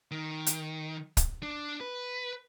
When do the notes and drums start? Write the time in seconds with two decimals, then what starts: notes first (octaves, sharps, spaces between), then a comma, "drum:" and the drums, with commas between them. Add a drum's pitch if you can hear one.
0.11 D#3
0.47 drum: hi-hat
1.17 drum: kick, hi-hat
1.43 D4
1.80 B4